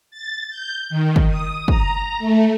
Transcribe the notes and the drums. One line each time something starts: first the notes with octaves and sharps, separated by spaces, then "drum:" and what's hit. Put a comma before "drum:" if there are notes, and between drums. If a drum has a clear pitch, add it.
A6
G6
D#3
drum: kick
D#6
A#5, drum: kick
A3